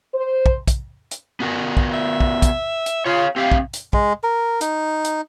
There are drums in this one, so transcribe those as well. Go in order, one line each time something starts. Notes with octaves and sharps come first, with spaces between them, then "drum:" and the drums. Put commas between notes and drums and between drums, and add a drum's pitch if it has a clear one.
C5
drum: kick
drum: kick, hi-hat
drum: hi-hat
B3 F#4 A#4
drum: kick
E5
drum: kick
drum: kick, hi-hat
drum: hi-hat
F4 C#5 F5
C4 G4 E5 F5
drum: kick
drum: hi-hat
G#3, drum: kick
A#4
D#4, drum: hi-hat
drum: hi-hat